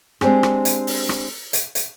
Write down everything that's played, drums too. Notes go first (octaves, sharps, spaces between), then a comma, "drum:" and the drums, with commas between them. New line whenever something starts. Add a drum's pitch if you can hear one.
G#3 C4 D4 G4 G#4, drum: rim click
drum: rim click
drum: hi-hat
drum: open hi-hat
drum: rim click
drum: hi-hat
drum: hi-hat